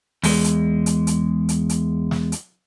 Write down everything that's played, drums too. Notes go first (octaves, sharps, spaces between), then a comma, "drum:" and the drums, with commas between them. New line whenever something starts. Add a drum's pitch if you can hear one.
E2 G#3, drum: open hi-hat
drum: hi-hat
drum: hi-hat
drum: hi-hat
drum: hi-hat
drum: hi-hat
drum: snare
drum: hi-hat